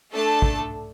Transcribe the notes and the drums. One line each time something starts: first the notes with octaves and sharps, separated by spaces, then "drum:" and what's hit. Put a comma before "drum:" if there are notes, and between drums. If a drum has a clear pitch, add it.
A3 D4 A4 A5
drum: kick